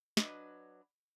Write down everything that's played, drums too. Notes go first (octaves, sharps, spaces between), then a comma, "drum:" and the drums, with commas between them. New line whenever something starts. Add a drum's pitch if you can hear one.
F#3 D4 B4 D#5, drum: snare